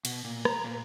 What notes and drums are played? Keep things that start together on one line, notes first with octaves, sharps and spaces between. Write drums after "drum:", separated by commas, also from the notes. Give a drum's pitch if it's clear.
B2, drum: cymbal
A#2
A#5, drum: rim click
A#2